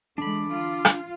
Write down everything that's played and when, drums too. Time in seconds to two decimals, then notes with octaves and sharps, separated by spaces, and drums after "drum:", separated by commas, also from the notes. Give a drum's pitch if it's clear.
0.18 D3 E3 G#3 D4 B5 D6
0.50 F4
0.85 drum: rim click